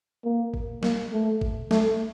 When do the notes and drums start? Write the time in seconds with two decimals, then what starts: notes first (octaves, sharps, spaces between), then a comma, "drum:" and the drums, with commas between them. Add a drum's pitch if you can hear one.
0.25 A#3
0.54 drum: kick G#1
0.83 A#3, drum: snare
1.13 A3
1.41 drum: kick G#1
1.71 A3, drum: snare